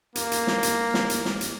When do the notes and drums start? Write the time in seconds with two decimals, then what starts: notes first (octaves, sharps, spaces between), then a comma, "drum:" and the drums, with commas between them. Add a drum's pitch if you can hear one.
0.15 A#3, drum: hi-hat
0.32 drum: hi-hat
0.47 drum: snare
0.63 drum: hi-hat
0.94 drum: snare
1.10 drum: hi-hat
1.25 drum: snare
1.41 drum: hi-hat